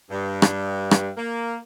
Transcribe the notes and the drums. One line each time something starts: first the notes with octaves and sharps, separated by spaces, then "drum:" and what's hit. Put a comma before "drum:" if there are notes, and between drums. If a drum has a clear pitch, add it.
G2
drum: rim click
drum: rim click
A#3